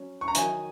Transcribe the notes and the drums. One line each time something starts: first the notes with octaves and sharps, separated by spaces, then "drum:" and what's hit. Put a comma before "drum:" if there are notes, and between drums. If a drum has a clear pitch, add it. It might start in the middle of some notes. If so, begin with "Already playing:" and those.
Already playing: F#3 C#4
C#6
A#5
D#3 F#3 D#4 G#5, drum: hi-hat